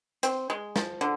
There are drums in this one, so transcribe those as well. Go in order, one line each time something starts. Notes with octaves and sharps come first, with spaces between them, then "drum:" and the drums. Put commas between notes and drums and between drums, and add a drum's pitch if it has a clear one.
C4, drum: hi-hat
G#3
F3, drum: snare
D3